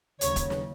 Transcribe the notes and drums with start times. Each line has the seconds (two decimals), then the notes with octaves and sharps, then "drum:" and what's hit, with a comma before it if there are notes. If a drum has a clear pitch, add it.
0.21 D#2 C#3 F#3 C#5, drum: hi-hat
0.36 drum: kick, hi-hat
0.50 drum: snare